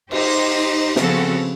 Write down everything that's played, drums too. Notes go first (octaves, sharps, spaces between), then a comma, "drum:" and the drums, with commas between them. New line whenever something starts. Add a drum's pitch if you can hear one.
D#4 G4 C5, drum: cymbal
C#3 F3 B3 C4 F#4 A4, drum: snare